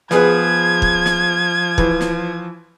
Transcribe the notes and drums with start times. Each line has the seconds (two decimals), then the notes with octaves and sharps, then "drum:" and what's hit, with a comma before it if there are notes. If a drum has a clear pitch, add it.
0.11 F3 B3 G#4 B4 G#6, drum: snare
0.82 drum: kick
1.06 drum: snare
1.78 E3, drum: kick
2.01 drum: snare